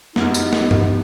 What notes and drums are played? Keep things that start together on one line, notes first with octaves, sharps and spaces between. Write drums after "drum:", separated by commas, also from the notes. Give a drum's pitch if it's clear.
F#2 B3 D#4 E4 G4 F6, drum: snare
drum: tambourine
drum: snare
drum: tom G2